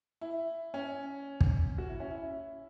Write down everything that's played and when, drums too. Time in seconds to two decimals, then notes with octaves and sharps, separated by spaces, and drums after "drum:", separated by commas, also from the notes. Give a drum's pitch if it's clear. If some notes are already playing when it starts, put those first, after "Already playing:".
0.21 E4
0.74 C#4
1.41 drum: kick
1.78 F#4
1.88 E4
2.00 C#4
2.11 E4